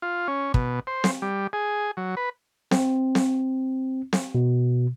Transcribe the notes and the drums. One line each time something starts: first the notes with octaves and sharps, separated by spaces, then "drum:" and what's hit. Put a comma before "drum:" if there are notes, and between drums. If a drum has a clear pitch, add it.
F4
C#4
B2, drum: kick
C5
drum: snare C4
G3
G#4
F#3
B4
C4, drum: snare C4
drum: snare C4
drum: snare C4
B2